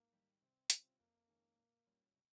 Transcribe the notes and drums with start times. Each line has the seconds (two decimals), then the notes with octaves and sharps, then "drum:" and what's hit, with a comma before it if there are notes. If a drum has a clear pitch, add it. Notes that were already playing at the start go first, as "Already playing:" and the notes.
Already playing: G#2 A#3
0.13 D#3 G3
0.42 C3 C4
0.70 G3 C4 C#4 F4, drum: hi-hat
0.99 F2 A#3
1.28 D#3 G#3 C#4
1.57 A#2
1.86 G3 C#4 F4
2.15 C3